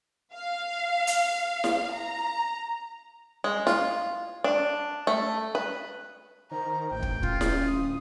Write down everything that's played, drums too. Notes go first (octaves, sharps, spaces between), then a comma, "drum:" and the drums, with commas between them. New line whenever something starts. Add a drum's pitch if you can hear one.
F5
drum: hi-hat
drum: snare E4
A#5
G#3
F4, drum: snare E4
D4
A3
B4
D#3 C5 A#5
A1 G5
drum: kick
C#4 F4, drum: kick
drum: snare E4
D1 D#6